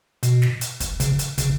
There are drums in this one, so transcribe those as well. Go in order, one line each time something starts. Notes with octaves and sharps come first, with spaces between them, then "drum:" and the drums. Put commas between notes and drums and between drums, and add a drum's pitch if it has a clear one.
B2, drum: hi-hat
drum: snare
drum: hi-hat
drum: kick, hi-hat
C#3, drum: kick, hi-hat
drum: hi-hat
C#3, drum: kick, hi-hat